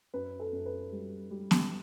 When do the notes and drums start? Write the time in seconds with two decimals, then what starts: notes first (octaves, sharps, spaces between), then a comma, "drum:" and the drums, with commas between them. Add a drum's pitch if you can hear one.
0.14 F#2 B4
0.40 A4
0.53 F#2
0.66 B4
0.92 G3
1.31 G3
1.51 drum: snare B3